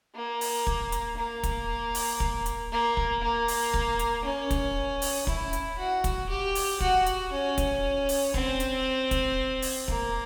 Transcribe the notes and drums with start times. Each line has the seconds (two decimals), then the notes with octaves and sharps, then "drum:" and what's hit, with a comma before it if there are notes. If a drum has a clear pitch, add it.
0.15 A#3
0.41 drum: open hi-hat
0.67 drum: kick
0.92 drum: hi-hat
1.17 A#3
1.43 drum: kick, hi-hat
1.95 drum: open hi-hat
2.20 drum: kick
2.46 drum: hi-hat
2.72 A#3
2.97 drum: kick
3.23 A#3
3.48 drum: open hi-hat
3.74 drum: kick
3.99 drum: hi-hat
4.25 C#4
4.51 drum: kick, hi-hat
5.02 drum: open hi-hat
5.27 E4, drum: kick
5.53 drum: hi-hat
5.78 F#4
6.04 drum: kick, hi-hat
6.29 G4
6.55 drum: open hi-hat
6.80 F#4, drum: kick
7.06 drum: hi-hat
7.32 C#4
7.58 drum: kick, hi-hat
8.09 drum: open hi-hat
8.34 C4, drum: kick
8.60 drum: hi-hat
9.11 drum: kick, hi-hat
9.62 drum: open hi-hat
9.88 A#3, drum: kick